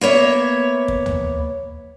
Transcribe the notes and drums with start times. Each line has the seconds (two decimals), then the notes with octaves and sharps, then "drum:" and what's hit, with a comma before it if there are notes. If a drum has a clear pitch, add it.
0.01 A#3 B3 C#5 E5
0.88 drum: kick
1.06 drum: tom